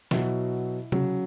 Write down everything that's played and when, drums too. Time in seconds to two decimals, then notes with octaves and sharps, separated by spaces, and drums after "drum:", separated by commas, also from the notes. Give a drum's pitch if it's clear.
0.11 B2 F#3 E4, drum: snare
0.92 C#3 F#3, drum: tom C3